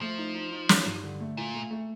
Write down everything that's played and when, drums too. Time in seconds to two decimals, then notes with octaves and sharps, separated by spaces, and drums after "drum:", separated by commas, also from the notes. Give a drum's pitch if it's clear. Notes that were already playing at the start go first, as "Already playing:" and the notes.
0.01 F3 A3
0.18 D#4
0.35 D#4
0.52 D#4
0.69 D#4, drum: snare
0.86 G2
1.04 D3
1.20 A3
1.37 A#2 F4
1.54 A3
1.71 A3